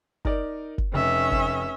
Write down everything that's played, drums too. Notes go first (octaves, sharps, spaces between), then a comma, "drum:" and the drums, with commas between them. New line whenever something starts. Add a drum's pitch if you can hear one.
D#4 A#4 D5, drum: kick
drum: kick
F1 C#4 E5
drum: kick